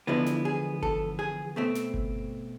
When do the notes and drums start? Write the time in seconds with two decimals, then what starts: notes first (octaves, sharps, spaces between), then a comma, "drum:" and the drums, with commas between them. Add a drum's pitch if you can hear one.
0.07 E2 D3 F3 G#3 B3 E4
0.26 drum: snare
0.45 G#4
0.83 A4, drum: kick G1
1.19 G#4
1.56 B2 A3 C4
1.75 drum: snare
1.94 drum: kick G1